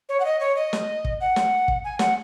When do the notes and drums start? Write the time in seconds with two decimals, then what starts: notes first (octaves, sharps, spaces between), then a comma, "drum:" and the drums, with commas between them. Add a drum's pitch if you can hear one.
0.09 C#5
0.20 F#5
0.25 D#5
0.40 C#5
0.57 D#5
0.73 drum: snare
1.04 drum: kick
1.20 F#5
1.36 drum: snare
1.68 drum: kick
1.84 G#5
1.99 F#5, drum: snare